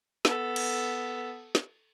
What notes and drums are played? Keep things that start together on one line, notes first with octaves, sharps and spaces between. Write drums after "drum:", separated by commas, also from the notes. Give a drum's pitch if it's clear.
B3 A4, drum: snare
drum: cymbal
drum: snare